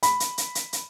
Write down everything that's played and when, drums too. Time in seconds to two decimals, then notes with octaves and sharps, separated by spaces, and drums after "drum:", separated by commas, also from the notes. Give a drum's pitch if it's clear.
0.03 B5, drum: hi-hat
0.20 drum: hi-hat
0.38 drum: hi-hat
0.55 drum: hi-hat
0.73 drum: hi-hat